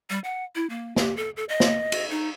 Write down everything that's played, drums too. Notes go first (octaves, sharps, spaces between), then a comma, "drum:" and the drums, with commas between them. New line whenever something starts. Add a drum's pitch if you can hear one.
G3
F#5
E4
A#3
G4, drum: snare
A4
A4
D#5
drum: snare
drum: cymbal
D#4